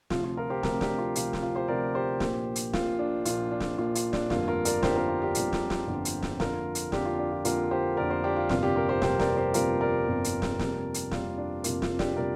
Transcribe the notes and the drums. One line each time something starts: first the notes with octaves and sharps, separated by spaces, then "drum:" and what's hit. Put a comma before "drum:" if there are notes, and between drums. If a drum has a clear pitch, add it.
D2 C3 F3 F4, drum: snare
F4
F4 A#4
G4 C5
D2 C3 F3 F4 A#4, drum: snare
D4 G4, drum: snare
F4
D2 C3 F3 F4, drum: hi-hat
drum: snare
F4
G4 C5
D2 C3 F3 A#4 D5
G4 C5
A#1 A#2 A#3, drum: snare
drum: hi-hat
A#1 A#2 A#3 F4, drum: snare
D4
A#1 A#2 A#3 F4, drum: hi-hat
D4
drum: snare
A#1 A#2 A#3 F4
F4, drum: hi-hat
D4, drum: snare
G1 F2 D3 G3 A#3 F4, drum: snare
F4 A#4
A#4 D5, drum: hi-hat
G1 F2 D3 G3 A#3 G4 C5, drum: snare
F4 A#4
F4
D4 G4
G1 F2 D3 G3 A#3, drum: hi-hat
drum: snare
drum: snare
G1 F2 D3 G3 A#3
drum: hi-hat
drum: snare
F2 D3 A#3 F4 A#4, drum: snare
drum: hi-hat
F2 D3 A#3 D4 G4, drum: snare
F4
D4
F4
F2 D3 A#3 F4 A#4, drum: hi-hat
G4 C5
F2 D3 A#3 A#4 D5
G4 C5
D4 G4
F4
G1 F2 C3 G3 A#3 F4, drum: snare
D4 G4
F4 A#4
G4 C5
G1 F2 C3 G3 A#3 G4 C5, drum: snare
A#4 D5, drum: snare
G4 C5
G1 F2 C3 G3 A#3 F4 A#4, drum: hi-hat
A#4 D5
G1 F2 C3 G3 A#3
drum: hi-hat
drum: snare
F2 C3 G3 A#3, drum: snare
drum: hi-hat
F2 C3 G3 A#3 F4, drum: snare
D4
F2 C3 G3 A#3 F4, drum: hi-hat
F4, drum: snare
D4 G4, drum: snare
C3 G3 A#3 A#4 D5